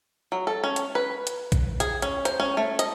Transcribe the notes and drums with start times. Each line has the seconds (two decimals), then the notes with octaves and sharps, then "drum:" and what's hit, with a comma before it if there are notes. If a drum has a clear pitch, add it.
0.32 F#3
0.47 A4
0.64 C#4
0.76 drum: hi-hat
0.95 B4
1.27 drum: hi-hat
1.52 drum: kick A#1, hi-hat
1.80 G#4, drum: hi-hat
2.02 C#4, drum: hi-hat
2.25 C5, drum: hi-hat
2.40 C#4
2.57 A3
2.79 D#5, drum: hi-hat